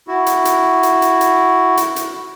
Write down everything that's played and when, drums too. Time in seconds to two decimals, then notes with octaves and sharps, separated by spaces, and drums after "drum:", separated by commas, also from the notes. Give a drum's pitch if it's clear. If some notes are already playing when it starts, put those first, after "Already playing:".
0.08 E4 F#4
0.26 drum: hi-hat
0.45 drum: hi-hat
0.83 drum: hi-hat
1.02 drum: hi-hat
1.21 drum: hi-hat
1.77 drum: hi-hat
1.96 drum: hi-hat